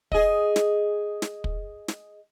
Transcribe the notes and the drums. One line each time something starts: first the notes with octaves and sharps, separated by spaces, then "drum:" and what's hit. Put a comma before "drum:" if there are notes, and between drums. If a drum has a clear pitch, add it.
G#4 D#5, drum: kick
drum: snare
drum: snare
drum: kick
drum: snare